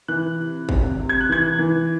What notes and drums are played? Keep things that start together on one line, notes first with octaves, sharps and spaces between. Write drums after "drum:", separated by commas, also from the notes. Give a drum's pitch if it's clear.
E3 F#6
C3
C3, drum: kick G#1
C3
G#6
F#6
E3 G#6
E3